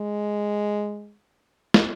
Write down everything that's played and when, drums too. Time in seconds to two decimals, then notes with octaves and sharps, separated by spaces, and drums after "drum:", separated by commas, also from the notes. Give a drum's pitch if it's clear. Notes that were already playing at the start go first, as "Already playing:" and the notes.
Already playing: G#3
1.74 drum: snare